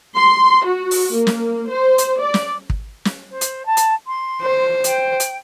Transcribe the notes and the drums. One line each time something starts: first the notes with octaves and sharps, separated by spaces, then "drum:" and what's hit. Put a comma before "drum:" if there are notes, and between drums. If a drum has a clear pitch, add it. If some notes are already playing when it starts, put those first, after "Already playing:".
C6
F#4
drum: open hi-hat
A#3
drum: snare
C5
drum: hi-hat
D5
drum: snare
drum: kick
drum: snare
C5
drum: hi-hat
A5
drum: hi-hat
C6
C5
G5, drum: hi-hat
drum: hi-hat